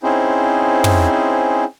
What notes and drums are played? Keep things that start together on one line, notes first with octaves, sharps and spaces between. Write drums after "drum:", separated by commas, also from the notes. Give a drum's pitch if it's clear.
C4 C#4 D#4 E4 G#4 C5
drum: tom